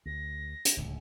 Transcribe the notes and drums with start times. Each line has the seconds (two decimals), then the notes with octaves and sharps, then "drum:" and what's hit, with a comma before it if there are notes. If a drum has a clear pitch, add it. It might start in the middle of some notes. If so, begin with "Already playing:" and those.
0.06 D2 A#6
0.65 drum: hi-hat
0.77 D1 C#2 A2